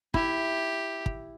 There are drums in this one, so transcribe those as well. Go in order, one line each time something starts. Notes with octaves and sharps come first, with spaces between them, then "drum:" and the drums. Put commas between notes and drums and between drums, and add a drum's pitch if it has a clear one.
E4 G4, drum: kick
drum: kick